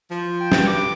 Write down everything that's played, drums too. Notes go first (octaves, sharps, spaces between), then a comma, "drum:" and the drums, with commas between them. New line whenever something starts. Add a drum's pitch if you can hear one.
F3
G5
G2, drum: snare
D6